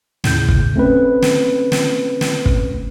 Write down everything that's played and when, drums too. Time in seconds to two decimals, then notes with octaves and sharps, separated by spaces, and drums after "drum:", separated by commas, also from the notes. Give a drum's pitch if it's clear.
0.24 D#2 A2 C#3 G6, drum: snare
0.48 drum: kick
0.76 A3 C4 C#4 B4
1.22 drum: snare
1.72 drum: snare
2.21 drum: snare
2.46 drum: kick